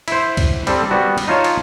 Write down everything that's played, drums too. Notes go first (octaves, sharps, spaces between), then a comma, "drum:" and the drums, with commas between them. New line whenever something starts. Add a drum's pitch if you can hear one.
E4 C5, drum: cymbal
drum: kick C#2, cymbal
G3 C4 A4, drum: cymbal
G3 B3 F#4
drum: cymbal
D#4 F4 C#5 A5
drum: cymbal